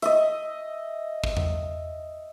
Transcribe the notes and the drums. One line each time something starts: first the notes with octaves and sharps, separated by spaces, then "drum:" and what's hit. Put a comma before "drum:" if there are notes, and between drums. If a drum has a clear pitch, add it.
D#5 E5, drum: hi-hat
drum: kick
drum: tom E2